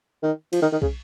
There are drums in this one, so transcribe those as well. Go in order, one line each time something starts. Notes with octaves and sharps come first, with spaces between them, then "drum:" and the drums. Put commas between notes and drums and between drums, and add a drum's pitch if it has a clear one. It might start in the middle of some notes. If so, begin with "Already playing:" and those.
D#3
F3, drum: cymbal
D#3
D#3
C#3, drum: kick